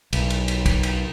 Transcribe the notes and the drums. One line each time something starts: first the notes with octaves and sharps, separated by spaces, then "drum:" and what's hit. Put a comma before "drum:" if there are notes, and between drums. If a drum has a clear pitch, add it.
B1, drum: cymbal
drum: cymbal
drum: cymbal
drum: kick, cymbal
drum: cymbal